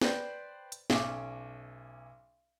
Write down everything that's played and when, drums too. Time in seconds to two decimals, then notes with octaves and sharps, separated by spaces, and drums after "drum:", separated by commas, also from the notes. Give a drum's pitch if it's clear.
0.01 B4 C5 D5 G5, drum: snare
0.72 drum: hi-hat
0.90 B1 C#4 E5 D6, drum: snare